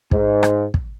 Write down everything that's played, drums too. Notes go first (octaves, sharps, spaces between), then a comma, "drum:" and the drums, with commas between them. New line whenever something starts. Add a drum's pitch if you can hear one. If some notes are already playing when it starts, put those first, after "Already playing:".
G#2, drum: kick
drum: rim click
drum: kick